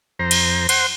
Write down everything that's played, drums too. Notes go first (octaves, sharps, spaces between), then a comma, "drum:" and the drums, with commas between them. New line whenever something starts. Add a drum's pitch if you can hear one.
F2 C5 A#5
drum: cymbal
C5 F#5 C6, drum: cymbal